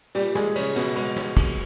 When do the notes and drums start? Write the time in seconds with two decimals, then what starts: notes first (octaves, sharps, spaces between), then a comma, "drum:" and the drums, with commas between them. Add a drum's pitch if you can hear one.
0.15 A#2 G3 G4, drum: cymbal
0.35 G#3 G#4, drum: snare
0.56 C#3 C#4, drum: cymbal
0.76 B2 B3, drum: cymbal
0.96 G#3, drum: cymbal
1.16 drum: snare
1.37 drum: kick, cymbal